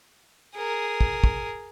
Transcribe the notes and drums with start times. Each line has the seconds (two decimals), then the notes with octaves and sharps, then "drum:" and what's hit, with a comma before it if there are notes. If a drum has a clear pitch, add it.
0.55 G#4 A#4
1.01 drum: kick
1.24 drum: kick